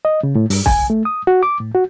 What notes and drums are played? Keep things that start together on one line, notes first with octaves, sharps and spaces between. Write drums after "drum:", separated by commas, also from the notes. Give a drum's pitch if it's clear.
D#5
C#3
A2
G2, drum: open hi-hat
G#5, drum: kick
A3
D#6
F#4
D6
A2
F#4